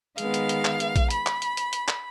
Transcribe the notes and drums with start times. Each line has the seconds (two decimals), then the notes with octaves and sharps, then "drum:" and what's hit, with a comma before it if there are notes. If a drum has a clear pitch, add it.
0.18 D#3 G#3 B3 F5, drum: hi-hat
0.34 drum: hi-hat
0.49 drum: hi-hat
0.65 drum: clap
0.80 drum: hi-hat
0.96 drum: kick A#1, hi-hat
1.10 B5, drum: hi-hat
1.26 drum: clap
1.42 drum: hi-hat
1.57 drum: hi-hat
1.73 drum: hi-hat
1.88 drum: clap